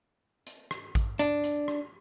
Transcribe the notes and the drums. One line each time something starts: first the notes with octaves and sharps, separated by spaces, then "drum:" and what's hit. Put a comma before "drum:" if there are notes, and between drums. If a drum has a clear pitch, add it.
drum: hi-hat
drum: rim click
drum: kick A1, hi-hat
D4, drum: hi-hat
drum: hi-hat
drum: rim click